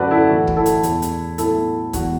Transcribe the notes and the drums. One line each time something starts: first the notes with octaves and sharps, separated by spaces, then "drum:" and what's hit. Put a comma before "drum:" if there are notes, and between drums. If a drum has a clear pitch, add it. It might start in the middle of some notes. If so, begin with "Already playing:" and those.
Already playing: F#2 D3 F#3 F#4 A4 B4 D5
E4 A4
A2 E3 A3 F#4
drum: kick
E4 A4
drum: hi-hat
E2 B2 A3, drum: hi-hat
drum: hi-hat
A2 F#3 B3 E4 A4, drum: hi-hat
E2 E3 B3 F#4, drum: kick, hi-hat